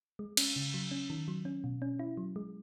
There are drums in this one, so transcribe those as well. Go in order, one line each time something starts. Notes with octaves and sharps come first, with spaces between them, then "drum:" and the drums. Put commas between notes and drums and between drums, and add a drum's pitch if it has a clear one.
G#3
C#4, drum: cymbal
C#3
F#3
C#4
D#3
F#3
C#4
B2
C#4
E4
F#3
G#3